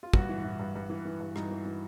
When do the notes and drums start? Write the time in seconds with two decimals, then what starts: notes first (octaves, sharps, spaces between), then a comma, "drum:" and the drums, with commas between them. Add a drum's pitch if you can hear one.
0.03 F4
0.14 G2 F#4, drum: kick
0.29 E3
0.44 E3
0.59 G2
0.75 G2
0.90 E3
1.05 E3
1.20 G2
1.36 G2 D#4, drum: rim click
1.51 E3
1.65 E3